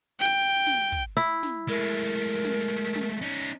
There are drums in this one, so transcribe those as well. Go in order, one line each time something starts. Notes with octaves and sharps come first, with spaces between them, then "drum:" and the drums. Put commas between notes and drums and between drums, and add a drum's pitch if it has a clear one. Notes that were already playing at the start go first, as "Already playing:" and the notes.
G5
drum: open hi-hat
drum: snare
drum: kick
E4, drum: hi-hat
drum: snare
G#3 A3 A#4, drum: hi-hat
drum: snare
drum: snare
C#4 D#4